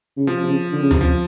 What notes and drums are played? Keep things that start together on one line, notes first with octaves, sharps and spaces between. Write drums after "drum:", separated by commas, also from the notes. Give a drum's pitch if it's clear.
C#3
C3 F3
C3
C#3
D3
C#3
C3, drum: tom D2
F3